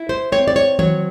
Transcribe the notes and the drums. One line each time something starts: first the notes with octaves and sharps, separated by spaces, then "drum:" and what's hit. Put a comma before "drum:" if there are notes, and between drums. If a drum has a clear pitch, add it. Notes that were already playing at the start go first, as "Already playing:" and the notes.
Already playing: E4
C5
C4 C#5
D5
C#5
F#3 C#5, drum: tom D#3